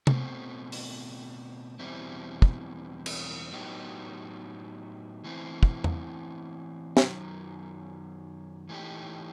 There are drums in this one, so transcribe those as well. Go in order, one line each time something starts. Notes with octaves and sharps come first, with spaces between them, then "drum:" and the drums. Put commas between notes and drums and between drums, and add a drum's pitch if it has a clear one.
B2 A3 C4, drum: tom
drum: open hi-hat
E2 B2 G3 C4 E4
drum: kick
drum: cymbal
A2 F#3 B3 D#4 G4
E3 A3 C4 E4
drum: kick
drum: tom E2
F#2 D#3 F#3, drum: snare
E3 A3 D#4 G4